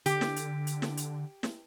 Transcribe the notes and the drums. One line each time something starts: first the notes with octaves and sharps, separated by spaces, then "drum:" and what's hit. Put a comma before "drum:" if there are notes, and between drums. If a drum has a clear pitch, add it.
D3 G4, drum: hi-hat
drum: snare
drum: hi-hat
drum: hi-hat
drum: snare
drum: hi-hat
drum: snare